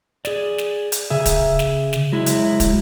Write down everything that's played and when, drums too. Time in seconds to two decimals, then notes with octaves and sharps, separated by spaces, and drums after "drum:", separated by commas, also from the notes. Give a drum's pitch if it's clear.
0.25 G#4 D5, drum: snare
0.58 drum: snare
0.92 drum: hi-hat
1.10 C#3 G#4 E5
1.25 drum: kick, hi-hat
1.59 drum: snare
1.93 drum: snare
2.12 F#3 G#3 E4
2.26 drum: hi-hat
2.60 drum: kick, hi-hat